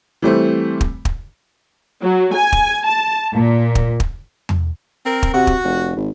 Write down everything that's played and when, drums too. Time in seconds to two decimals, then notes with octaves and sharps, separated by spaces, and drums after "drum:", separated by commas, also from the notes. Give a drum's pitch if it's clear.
0.22 E3 G3 A3 C4
0.81 drum: kick
1.05 drum: kick
2.02 F#3
2.34 G#5
2.53 drum: kick
2.85 A5
3.34 A#2
3.75 drum: kick
4.00 drum: kick
4.49 drum: tom E2
5.06 C4 A#4
5.23 drum: kick
5.34 C3 F#4
5.47 drum: kick
5.63 F1
5.96 G#1